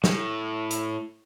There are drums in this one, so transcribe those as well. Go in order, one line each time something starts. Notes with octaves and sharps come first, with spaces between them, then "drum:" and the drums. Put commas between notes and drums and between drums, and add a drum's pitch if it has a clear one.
A2, drum: snare
drum: hi-hat